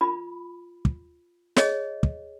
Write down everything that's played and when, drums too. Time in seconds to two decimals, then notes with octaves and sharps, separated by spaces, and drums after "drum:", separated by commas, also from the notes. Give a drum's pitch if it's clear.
0.01 F4 B5
0.85 drum: kick
1.56 G#4 C#5 D#5, drum: snare
2.03 drum: kick